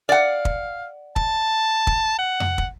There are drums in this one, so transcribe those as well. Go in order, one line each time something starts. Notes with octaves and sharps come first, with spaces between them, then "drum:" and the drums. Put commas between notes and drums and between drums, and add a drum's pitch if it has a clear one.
D5 F5 F#5
drum: kick
A5, drum: kick
drum: kick
F#5
drum: tom F2
drum: kick